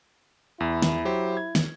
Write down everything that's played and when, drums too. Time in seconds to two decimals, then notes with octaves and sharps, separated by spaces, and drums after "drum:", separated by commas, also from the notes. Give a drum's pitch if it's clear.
0.60 E2 E4
0.82 drum: snare
1.05 F#3 G4 C5
1.37 G#6
1.55 drum: snare